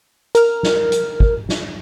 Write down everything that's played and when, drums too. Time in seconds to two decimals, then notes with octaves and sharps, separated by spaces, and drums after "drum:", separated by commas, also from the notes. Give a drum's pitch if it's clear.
0.35 A#4 F6, drum: hi-hat
0.63 drum: snare
0.92 drum: hi-hat
1.20 drum: kick
1.49 drum: snare